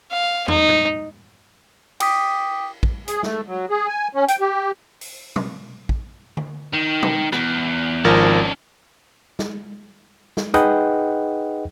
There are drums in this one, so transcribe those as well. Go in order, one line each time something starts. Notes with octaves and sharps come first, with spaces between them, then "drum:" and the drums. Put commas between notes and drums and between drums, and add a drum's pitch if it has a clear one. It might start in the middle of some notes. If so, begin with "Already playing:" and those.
F5
D#4, drum: tom
drum: tom A2
G5 D6 D#6 B6, drum: cymbal
drum: kick
G#4, drum: hi-hat
A3, drum: snare
F#3
G#4
G#5
C#4
G5, drum: hi-hat
G4
drum: open hi-hat
drum: tom
drum: kick
drum: tom D3
D#3
drum: tom
E2, drum: rim click
G#1 F3 C#4 D4 A#4
drum: snare
drum: snare
D#4 G#4 B4 D#5 F#5 G5, drum: hi-hat